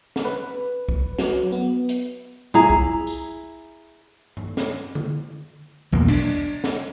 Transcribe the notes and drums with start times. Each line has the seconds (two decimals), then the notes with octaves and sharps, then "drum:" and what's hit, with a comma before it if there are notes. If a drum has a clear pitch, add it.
0.16 drum: snare
0.25 B4
0.89 drum: kick
1.18 F#3, drum: snare
1.52 B3
1.89 drum: hi-hat
2.54 E4 G#4 A#5, drum: tom G#2
2.70 drum: kick
3.07 drum: tambourine
4.37 drum: tom G2
4.57 drum: snare
4.95 drum: tom D3
5.92 B1 E2 A#3
6.08 D4, drum: cymbal
6.64 drum: snare